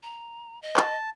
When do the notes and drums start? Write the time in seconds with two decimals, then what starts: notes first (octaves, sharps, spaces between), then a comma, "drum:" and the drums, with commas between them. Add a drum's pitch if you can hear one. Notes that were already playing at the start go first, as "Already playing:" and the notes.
0.03 A#5
0.62 D#5
0.76 A5, drum: clap